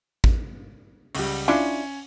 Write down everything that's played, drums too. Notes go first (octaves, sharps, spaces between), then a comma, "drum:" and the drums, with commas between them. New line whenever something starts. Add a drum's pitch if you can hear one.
drum: kick
C#2 G3, drum: open hi-hat
C#4 D4 E4 F4